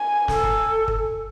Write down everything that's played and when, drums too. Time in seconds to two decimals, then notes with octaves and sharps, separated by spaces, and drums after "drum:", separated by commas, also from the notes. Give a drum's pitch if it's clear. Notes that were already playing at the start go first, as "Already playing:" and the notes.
Already playing: G#5
0.28 A4, drum: snare
0.44 drum: kick
0.88 drum: kick